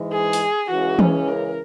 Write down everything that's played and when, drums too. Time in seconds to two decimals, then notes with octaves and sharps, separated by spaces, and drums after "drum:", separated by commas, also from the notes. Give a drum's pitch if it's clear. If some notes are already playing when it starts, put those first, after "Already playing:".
Already playing: G#2 E3 G#3
0.13 G#4
0.33 drum: open hi-hat
0.70 C#2 C#3 E3 F#4
0.99 C#4, drum: tom E3
1.28 A#4